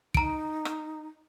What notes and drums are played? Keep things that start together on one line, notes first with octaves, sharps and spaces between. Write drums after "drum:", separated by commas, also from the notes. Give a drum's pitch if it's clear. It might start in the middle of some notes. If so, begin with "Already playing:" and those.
D#4 A#5 D7, drum: kick
drum: rim click